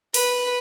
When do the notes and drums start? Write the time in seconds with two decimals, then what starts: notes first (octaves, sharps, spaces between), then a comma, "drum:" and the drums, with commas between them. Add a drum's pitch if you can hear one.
0.14 B4, drum: open hi-hat